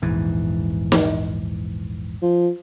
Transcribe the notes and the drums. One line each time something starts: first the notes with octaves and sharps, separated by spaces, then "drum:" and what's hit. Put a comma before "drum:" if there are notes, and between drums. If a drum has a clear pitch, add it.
A#1 E2 G#2 E3
drum: snare
F3